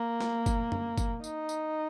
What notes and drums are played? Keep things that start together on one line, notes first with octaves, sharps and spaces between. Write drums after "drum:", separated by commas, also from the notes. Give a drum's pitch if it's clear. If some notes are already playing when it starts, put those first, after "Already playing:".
Already playing: A#3
drum: snare A3
drum: kick, tambourine
drum: tom
drum: kick, tambourine
D#4, drum: tambourine
drum: tambourine